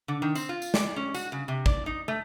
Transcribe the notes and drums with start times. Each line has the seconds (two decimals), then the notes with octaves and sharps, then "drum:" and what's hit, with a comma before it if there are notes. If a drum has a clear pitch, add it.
0.08 D3
0.22 D#3
0.35 C4, drum: tambourine
0.49 F4
0.62 drum: tambourine
0.74 D5, drum: snare
0.96 C#4
1.14 F#4, drum: tambourine
1.32 C#3
1.48 C3
1.66 D5, drum: kick
1.86 D#4
2.08 A3